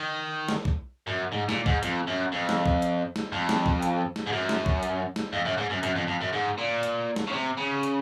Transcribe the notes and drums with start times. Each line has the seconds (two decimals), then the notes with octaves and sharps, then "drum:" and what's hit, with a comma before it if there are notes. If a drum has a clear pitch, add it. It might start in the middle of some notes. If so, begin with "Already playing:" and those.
Already playing: D#3
0.49 drum: snare
0.65 drum: kick
1.07 F#2
1.32 G#2
1.49 A#2, drum: snare
1.66 G#2, drum: kick
1.83 F2, drum: hi-hat
2.07 F#2
2.32 F2
2.49 drum: snare
2.66 drum: kick
2.82 drum: hi-hat
3.16 drum: snare
3.32 F2
3.49 drum: snare
3.66 drum: kick
3.82 drum: hi-hat
4.16 drum: snare
4.27 G#2
4.32 F#2
4.49 drum: snare
4.66 drum: kick
4.83 drum: hi-hat
5.16 drum: snare
5.33 F2
5.45 F#2
5.58 G#2
5.70 F#2
5.83 F#2, drum: hi-hat
5.95 F2
6.07 F2
6.21 F#2
6.33 G#2
6.58 A#2
6.83 drum: hi-hat
7.16 drum: snare
7.28 C#3
7.33 C3
7.58 C#3
7.83 drum: hi-hat